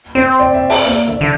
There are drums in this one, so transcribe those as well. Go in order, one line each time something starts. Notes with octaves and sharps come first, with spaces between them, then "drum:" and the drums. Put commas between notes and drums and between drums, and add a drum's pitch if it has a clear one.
C4 C5
D5
E5
E5, drum: open hi-hat
A#3 D5
D3 E5
D3